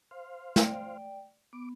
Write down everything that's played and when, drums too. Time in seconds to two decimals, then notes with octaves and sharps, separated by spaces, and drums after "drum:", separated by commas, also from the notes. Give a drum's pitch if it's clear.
0.11 C5 F5
0.56 D5 G5, drum: snare
1.53 B3 D6